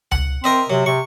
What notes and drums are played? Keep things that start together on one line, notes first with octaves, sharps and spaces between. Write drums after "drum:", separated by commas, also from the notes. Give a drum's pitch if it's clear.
F#5, drum: tom C#2
C4 A#4 D#5 E5
C3 F#3
C3 C#6